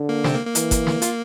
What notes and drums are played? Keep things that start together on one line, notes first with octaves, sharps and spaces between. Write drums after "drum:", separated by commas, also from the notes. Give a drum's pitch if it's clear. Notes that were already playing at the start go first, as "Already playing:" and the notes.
Already playing: D3
A#3
C3 C4, drum: snare
A#3
A#3
E3, drum: hi-hat
drum: kick G1, hi-hat
drum: snare
F4, drum: hi-hat